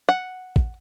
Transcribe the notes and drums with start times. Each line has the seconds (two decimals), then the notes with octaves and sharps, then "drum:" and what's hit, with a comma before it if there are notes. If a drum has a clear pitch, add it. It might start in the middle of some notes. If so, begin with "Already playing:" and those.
0.09 F#5
0.56 drum: kick